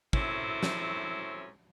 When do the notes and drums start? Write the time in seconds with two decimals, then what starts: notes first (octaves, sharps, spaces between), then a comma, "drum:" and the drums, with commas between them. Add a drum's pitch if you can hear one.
0.13 F#2 A3 C4 C#4 E4, drum: kick
0.63 drum: snare